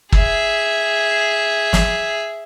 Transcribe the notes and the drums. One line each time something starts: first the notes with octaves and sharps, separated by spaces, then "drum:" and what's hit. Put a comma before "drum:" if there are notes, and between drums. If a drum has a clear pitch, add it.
G#4 E5, drum: kick
drum: snare